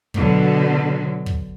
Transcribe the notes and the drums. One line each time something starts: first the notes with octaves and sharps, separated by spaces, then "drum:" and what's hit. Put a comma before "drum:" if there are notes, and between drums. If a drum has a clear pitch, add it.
B2 D3 F#3, drum: kick
drum: kick